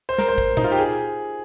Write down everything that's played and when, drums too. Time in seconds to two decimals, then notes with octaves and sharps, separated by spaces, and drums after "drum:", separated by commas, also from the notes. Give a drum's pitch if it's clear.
0.09 C5
0.18 A#4, drum: snare
0.28 C5
0.38 drum: kick
0.57 D#4, drum: tom A#2
0.64 F4
0.72 G4
0.78 G#4